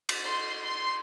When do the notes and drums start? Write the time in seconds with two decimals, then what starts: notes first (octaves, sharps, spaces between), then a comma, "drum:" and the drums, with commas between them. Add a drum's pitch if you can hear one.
0.09 drum: cymbal
0.24 C6
0.63 C6